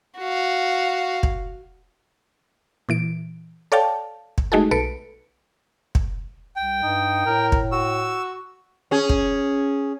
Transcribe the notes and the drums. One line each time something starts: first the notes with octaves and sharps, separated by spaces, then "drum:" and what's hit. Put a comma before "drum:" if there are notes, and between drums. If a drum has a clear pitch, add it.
F#4 F5
drum: kick
A#2 E3 D7
A4 C#5 D5 F5 G5 A5
drum: kick
G#3 A3 D#4 F#4 G#4 A4
B1 A4 B4 C#7 D7
drum: kick
C2 G5
G2 D#4
A2 A#4
drum: kick
F#4 E6
C#4 G#4
drum: kick